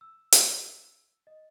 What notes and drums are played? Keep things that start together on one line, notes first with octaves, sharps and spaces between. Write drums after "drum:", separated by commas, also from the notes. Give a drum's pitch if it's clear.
E6
drum: hi-hat
D#5